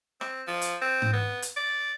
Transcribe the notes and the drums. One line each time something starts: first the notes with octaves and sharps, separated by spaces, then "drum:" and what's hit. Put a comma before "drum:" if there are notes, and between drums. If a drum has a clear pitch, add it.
C4, drum: rim click
F3
drum: hi-hat
C4
drum: tom G#2
B3
drum: hi-hat
D5